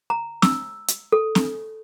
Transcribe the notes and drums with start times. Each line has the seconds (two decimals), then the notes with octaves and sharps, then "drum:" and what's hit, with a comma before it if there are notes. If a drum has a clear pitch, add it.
0.10 A#5
0.42 E6, drum: snare C4
0.88 drum: hi-hat
1.12 A4
1.35 drum: snare C4